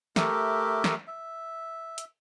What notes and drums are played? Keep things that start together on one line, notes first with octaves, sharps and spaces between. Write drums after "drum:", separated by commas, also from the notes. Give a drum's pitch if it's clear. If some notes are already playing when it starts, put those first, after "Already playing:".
A3 G4 A#4 E5, drum: snare
drum: snare
E5
drum: hi-hat